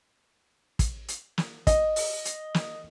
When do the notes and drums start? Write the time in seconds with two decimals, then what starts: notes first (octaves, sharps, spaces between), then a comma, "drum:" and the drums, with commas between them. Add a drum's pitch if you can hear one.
0.79 drum: kick, hi-hat
1.08 drum: hi-hat
1.38 drum: snare
1.67 D#5, drum: kick, hi-hat
1.96 drum: open hi-hat
2.25 drum: hi-hat
2.54 drum: snare